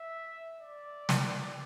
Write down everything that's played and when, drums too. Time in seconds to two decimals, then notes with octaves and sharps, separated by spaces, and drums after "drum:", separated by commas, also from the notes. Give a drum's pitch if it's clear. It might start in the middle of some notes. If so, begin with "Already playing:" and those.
Already playing: E5
0.61 D5
1.09 drum: snare